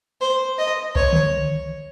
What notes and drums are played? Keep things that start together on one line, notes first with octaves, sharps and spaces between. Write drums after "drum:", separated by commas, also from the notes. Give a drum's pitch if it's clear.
C5
D#5
C#5, drum: kick C2
drum: tom D3